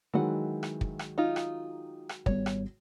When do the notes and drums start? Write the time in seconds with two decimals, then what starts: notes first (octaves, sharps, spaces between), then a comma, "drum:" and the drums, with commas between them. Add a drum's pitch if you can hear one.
0.14 D#3 E3 F#3 G#3 F#5
0.63 drum: rim click
0.81 drum: kick
0.99 drum: rim click
1.18 D#4 F4
1.36 drum: rim click
2.09 drum: rim click
2.26 G#1 G3 B3 C#5, drum: kick
2.46 drum: rim click